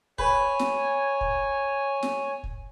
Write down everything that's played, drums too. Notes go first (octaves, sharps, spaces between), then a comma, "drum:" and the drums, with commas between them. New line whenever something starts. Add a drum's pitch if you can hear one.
B4 C#5 G#5, drum: kick
drum: snare
drum: kick
drum: snare
drum: kick